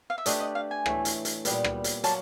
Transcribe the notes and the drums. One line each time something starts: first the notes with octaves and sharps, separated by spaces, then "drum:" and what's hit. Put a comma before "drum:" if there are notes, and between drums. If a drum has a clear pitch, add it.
F5
E5
A3 D4 G4 B4 D#5, drum: hi-hat
D#5
F5
G#5
A2 E3 A3, drum: rim click
drum: hi-hat
drum: hi-hat
A#2 G3 B3, drum: hi-hat
drum: rim click
drum: hi-hat
F#3 A#3 A5, drum: hi-hat